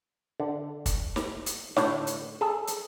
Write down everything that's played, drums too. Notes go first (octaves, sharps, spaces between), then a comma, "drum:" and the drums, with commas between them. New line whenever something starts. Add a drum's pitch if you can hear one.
D3
drum: kick, hi-hat
drum: snare
drum: hi-hat
A2 D3 C#5, drum: snare
drum: hi-hat
G#4 A4
drum: hi-hat